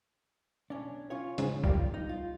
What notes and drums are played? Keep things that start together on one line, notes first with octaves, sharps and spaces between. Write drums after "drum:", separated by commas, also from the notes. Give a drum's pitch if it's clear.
B1 C#4 D4
C#4 F4 C#5
G#2 C#3, drum: hi-hat
D#3 G3 A#3 F4, drum: kick
D#4
F4